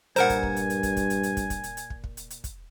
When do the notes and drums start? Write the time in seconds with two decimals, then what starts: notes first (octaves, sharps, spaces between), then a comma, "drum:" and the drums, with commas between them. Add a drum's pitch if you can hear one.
0.16 G2 A#2 A#4 C5 F#5 G#5 A#5, drum: hi-hat
0.30 drum: kick, hi-hat
0.43 drum: kick
0.56 drum: hi-hat
0.70 drum: hi-hat
0.83 drum: kick, hi-hat
0.97 drum: kick, hi-hat
1.10 drum: hi-hat
1.23 drum: hi-hat
1.37 drum: kick, hi-hat
1.50 drum: kick, hi-hat
1.64 drum: hi-hat
1.77 drum: hi-hat
1.90 drum: kick
2.04 drum: kick
2.17 drum: hi-hat
2.30 drum: hi-hat
2.44 drum: kick, hi-hat